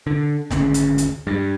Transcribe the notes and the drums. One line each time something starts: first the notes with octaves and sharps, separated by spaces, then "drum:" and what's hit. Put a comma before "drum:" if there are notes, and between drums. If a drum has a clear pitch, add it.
D3
G#1 D2 C#3, drum: snare
drum: hi-hat
drum: hi-hat
G2